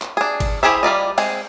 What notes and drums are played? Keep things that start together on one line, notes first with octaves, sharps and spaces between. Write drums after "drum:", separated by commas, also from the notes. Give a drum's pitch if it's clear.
drum: clap
D4 G#4
drum: kick, cymbal
E4 G4 G#4 C5 E5
G3 F4 D5 D#5
G#3 C4 G#4, drum: cymbal